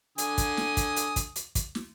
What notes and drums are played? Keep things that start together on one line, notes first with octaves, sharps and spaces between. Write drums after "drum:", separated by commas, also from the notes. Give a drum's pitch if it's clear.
D3 G#5 D#6, drum: hi-hat
drum: kick, hi-hat
drum: snare
drum: kick, hi-hat
drum: hi-hat
drum: kick, hi-hat
drum: hi-hat
drum: kick, hi-hat
drum: snare